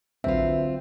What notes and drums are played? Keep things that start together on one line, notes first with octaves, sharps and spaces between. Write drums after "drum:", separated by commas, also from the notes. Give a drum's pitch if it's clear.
D3 F#3 C4 F4 B4 E5, drum: kick A1